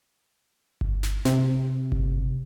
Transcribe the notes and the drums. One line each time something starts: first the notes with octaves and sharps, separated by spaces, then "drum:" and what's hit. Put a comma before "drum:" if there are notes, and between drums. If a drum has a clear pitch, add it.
drum: kick G1
drum: snare
C3, drum: snare
drum: kick G1